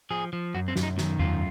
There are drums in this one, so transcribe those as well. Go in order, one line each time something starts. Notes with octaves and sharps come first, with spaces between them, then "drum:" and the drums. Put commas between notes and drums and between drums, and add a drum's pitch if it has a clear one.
F3 G#4
F3
F#2 F#4
C4
F#2, drum: snare
D#4
D#3, drum: snare
F#2 F4, drum: tom E2